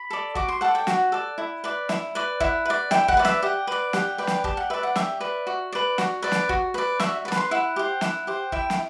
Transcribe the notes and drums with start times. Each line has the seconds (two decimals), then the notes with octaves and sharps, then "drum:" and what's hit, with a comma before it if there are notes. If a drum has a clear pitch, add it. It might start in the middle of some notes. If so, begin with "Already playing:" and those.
Already playing: B5
0.11 A4 D5
0.35 F#4 D6, drum: kick
0.48 C6
0.61 A4 D5 F#5
0.75 G5
0.87 F#4 F#5, drum: snare
1.12 A4 D5
1.38 E4
1.64 B4 D5
1.89 E4, drum: snare
2.15 B4 D5
2.40 E4 F#5, drum: kick
2.65 B4 D5
2.91 E4 G5, drum: snare
3.08 F#5, drum: kick
3.17 B4 D5
3.25 E5, drum: snare
3.42 G4 F#5
3.67 B4 D5
3.93 G4 F#5, drum: snare
4.18 B4 D5 G5
4.27 drum: snare
4.44 G4 A5, drum: kick
4.57 F#5
4.70 B4 D5 E5
4.83 F#5
4.96 G4 E5, drum: snare
5.20 B4 D5
5.47 F#4
5.72 B4 D5
5.98 F#4, drum: snare
6.22 B4 D5
6.32 drum: snare
6.49 F#4, drum: kick
6.74 B4 D5
7.00 F#4 E5, drum: snare
7.25 B4 D5
7.32 B5, drum: snare
7.37 C6
7.51 E4 F#5
7.76 G4 C5
8.01 E4 F#5, drum: snare
8.27 G4 C5
8.52 E4 G5, drum: kick
8.70 drum: snare